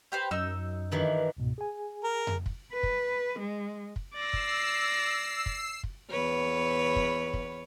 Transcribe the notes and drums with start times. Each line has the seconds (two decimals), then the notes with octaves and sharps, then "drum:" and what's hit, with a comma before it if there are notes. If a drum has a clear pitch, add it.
0.12 G4 B4 C5
0.31 F#2 D#4 E6
0.92 G2 D#3 E3
1.37 C#2 G#2 B2
1.58 G#4 G#5
2.04 A#4
2.27 drum: tom F2
2.46 drum: kick
2.73 B4
2.83 drum: kick
3.40 G#3
3.96 drum: kick
4.15 D5 E6 A#6 C7
4.33 drum: kick
5.46 drum: kick
5.83 drum: kick
6.10 E2 B4 C#5
6.96 drum: kick
7.34 drum: kick